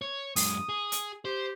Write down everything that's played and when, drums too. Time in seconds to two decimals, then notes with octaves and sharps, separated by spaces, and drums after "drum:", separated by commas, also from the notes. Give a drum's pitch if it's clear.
0.02 C#5
0.36 F#2 G#3 D#6, drum: open hi-hat
0.69 G#4
0.92 drum: hi-hat
1.25 G4 C5